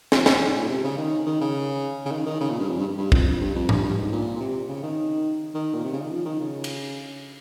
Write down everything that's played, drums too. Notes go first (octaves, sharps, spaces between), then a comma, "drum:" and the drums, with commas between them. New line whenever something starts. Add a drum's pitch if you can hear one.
F2, drum: snare
G#2, drum: snare
G#2
A#2
C3
C#3
D#3
D#3
C#3
C#3
D#3
D#3
C#3
A#2
G2
F2
G2
G2
F2, drum: kick
F2
G2
F2
G2, drum: tom G#2
G2
G#2
A#2
A#2
C3
C#3
D#3
D#3
A#2
C3
C#3
D#3
F3
D#3
C#3
drum: cymbal